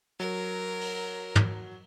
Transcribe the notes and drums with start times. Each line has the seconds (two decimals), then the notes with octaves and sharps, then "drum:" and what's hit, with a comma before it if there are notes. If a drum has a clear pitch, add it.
0.20 F#3 A#4
0.81 drum: open hi-hat
1.35 drum: tom